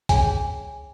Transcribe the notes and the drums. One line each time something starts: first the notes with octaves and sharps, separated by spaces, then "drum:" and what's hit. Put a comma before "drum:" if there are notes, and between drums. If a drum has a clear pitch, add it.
C#4 G#4 C#5 G#5, drum: kick C2, hi-hat